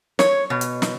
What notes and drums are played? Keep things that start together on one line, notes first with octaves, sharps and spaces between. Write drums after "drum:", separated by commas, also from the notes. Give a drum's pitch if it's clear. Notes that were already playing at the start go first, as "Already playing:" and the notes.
C#5, drum: snare
B2
drum: hi-hat
drum: snare